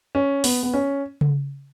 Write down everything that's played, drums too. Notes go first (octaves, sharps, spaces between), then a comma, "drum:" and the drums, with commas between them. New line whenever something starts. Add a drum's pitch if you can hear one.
C#4
B3, drum: open hi-hat
B3
C#4
drum: tom C#3